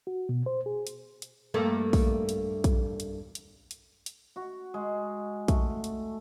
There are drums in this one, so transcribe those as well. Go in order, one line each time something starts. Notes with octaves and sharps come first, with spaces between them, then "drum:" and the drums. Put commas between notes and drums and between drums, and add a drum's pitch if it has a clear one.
F#4
B2
C5
G#4
drum: hi-hat
drum: hi-hat
G2 A3 A#3
drum: kick, open hi-hat
drum: hi-hat
drum: kick, hi-hat
drum: hi-hat
drum: hi-hat
drum: hi-hat
drum: hi-hat
F#4
G#3
A3, drum: kick, hi-hat
drum: hi-hat